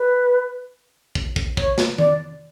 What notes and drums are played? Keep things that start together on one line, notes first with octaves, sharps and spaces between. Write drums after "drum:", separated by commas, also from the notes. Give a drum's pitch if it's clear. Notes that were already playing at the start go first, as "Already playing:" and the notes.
Already playing: B4
drum: kick
drum: kick
C#5, drum: kick
drum: snare
D5, drum: tom D#3